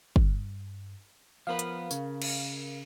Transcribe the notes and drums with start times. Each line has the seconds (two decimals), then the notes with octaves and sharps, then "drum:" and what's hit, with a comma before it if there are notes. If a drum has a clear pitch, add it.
0.16 G2, drum: kick G1
1.47 F3 B3 A#4 B4 F5
1.59 drum: hi-hat
1.91 C#3, drum: tambourine
2.22 drum: cymbal